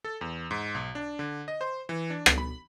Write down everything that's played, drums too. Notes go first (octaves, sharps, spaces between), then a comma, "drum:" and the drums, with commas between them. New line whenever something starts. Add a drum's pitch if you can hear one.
A4
E2
G#2
B1
D4
D3
D#5
C5
E3
D4
drum: rim click
B5